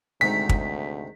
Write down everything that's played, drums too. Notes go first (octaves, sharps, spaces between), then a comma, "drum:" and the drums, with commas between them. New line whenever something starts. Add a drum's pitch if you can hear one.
D2 G#2 C3 D#3 B6
drum: kick